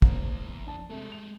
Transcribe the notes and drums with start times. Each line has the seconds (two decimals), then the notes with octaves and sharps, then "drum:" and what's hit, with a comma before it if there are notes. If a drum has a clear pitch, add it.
0.02 F#1 A#3 D4, drum: kick
0.19 G#3 C#4
0.48 E2
0.67 D4 A5
0.90 C3 G#3 A3 A4
1.12 F7